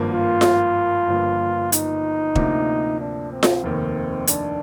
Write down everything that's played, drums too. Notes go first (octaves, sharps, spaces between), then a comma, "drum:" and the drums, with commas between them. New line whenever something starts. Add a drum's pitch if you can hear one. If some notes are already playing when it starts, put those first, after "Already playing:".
Already playing: G#1 G2 F3 A#3
F4
drum: snare F4
G1 G2 F3 A#3
D#4, drum: hi-hat
D2 C3 F3 A#3 D4, drum: kick E1
D4
C4
drum: snare F4
F1 D#2 D#3
D4, drum: hi-hat